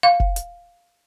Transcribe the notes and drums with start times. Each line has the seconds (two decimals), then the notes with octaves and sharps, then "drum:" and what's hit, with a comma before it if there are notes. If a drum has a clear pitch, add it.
0.03 F5
0.20 drum: kick F1
0.36 drum: hi-hat